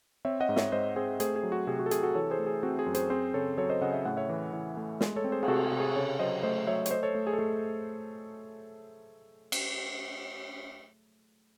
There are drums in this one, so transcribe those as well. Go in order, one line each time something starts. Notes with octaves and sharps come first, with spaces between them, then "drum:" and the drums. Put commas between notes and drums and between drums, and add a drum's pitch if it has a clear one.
C4 C#5 E5
D#5 F#5
G#2
C#5 E5, drum: snare
G#2 C5 D#5
C4 G#4 C5
A3 G#4 C5, drum: hi-hat
G#4
F#3
F#4
C3 G#4
F#4
A4
C3 G#4, drum: hi-hat
F#4 A4
E3 A4 C#5
G#4 C5
A3
G#4
C4 F#4
G#4
F#2
G#4 C5, drum: hi-hat
C4 G#4 C5
C#3 A4 C#5
F#3 A4 C#5
C5 D#5
C#3 D#5 F#5
E5
A2 F#5
C#5 E5
E3
E3
A3
G#3, drum: snare
A4 C#5
C4
G#4 C5
G#4, drum: cymbal
C3 F#4 A4
G#4
C3
G#4
C#3 A4 C#5
F#3 C5 D#5
A3 C5 D#5
F#3 C#5 E5
C#5, drum: hi-hat
A3 C5 D#5
A4 C#5
A3
G#4
A4
A3 G#4
drum: cymbal